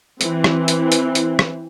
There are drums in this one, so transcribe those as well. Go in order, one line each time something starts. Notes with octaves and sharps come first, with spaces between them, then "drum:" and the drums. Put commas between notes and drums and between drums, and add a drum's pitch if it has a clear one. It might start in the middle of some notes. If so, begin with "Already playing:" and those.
E3 C4, drum: hi-hat
drum: rim click
drum: hi-hat
drum: hi-hat
drum: hi-hat
drum: rim click